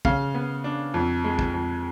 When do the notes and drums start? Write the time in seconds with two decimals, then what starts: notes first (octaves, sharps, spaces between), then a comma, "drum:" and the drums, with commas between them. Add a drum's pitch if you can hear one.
0.05 C#3 F5, drum: kick
0.34 B3
0.64 D4
0.94 F2
1.24 G#3
1.39 drum: kick
1.54 F2